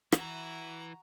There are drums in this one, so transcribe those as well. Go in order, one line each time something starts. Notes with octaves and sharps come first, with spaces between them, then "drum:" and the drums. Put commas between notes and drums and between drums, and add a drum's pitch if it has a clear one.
E3 E4 F#4 A#5, drum: rim click